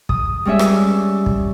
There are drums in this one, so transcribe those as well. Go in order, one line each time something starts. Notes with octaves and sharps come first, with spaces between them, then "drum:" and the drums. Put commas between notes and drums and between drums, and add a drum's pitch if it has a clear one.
D#6, drum: kick
G3 G#3 C#4 C#5 E5
drum: rim click
drum: kick